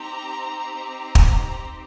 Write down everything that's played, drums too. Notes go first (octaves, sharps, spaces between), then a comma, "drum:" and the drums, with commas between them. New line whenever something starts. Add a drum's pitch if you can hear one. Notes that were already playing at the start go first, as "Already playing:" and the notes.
Already playing: C4 D#4 G4 A#5
A#5, drum: kick